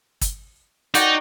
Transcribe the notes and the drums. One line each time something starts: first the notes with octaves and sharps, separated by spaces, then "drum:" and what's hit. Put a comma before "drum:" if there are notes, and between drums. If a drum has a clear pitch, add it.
drum: kick G1, hi-hat
D#4 F#4 D5 G5, drum: hi-hat